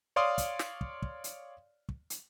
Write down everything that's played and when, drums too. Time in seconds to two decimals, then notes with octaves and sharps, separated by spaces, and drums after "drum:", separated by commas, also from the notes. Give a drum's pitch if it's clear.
0.16 C#5 D5 F5 C6 D6 D#6
0.38 drum: kick, hi-hat
0.59 drum: snare
0.81 drum: kick
1.02 drum: kick
1.24 drum: hi-hat
1.89 drum: kick
2.10 drum: hi-hat